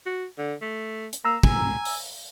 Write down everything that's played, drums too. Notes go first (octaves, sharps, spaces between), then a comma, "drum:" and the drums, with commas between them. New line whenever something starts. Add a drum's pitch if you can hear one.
F#4
D3
A3
drum: hi-hat
A#3 A#5 E6
G#5, drum: kick
drum: open hi-hat